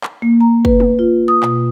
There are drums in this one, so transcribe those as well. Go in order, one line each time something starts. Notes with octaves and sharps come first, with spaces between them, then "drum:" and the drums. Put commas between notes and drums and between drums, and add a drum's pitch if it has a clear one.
drum: clap
A#3
A#5
B4, drum: kick
drum: tom
F4
D#6
B2, drum: clap